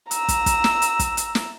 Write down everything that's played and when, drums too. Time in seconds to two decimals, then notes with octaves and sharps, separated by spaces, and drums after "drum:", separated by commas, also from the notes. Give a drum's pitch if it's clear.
0.11 A#5 E6, drum: hi-hat
0.29 drum: kick, hi-hat
0.46 drum: kick, hi-hat
0.64 drum: snare
0.82 drum: hi-hat
0.99 drum: kick, hi-hat
1.17 drum: hi-hat
1.35 drum: snare